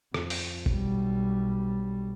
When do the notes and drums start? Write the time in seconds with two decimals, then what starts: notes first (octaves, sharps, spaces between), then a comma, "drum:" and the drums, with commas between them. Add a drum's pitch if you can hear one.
0.14 F2, drum: rim click
0.30 drum: open hi-hat
0.66 B1 G3, drum: kick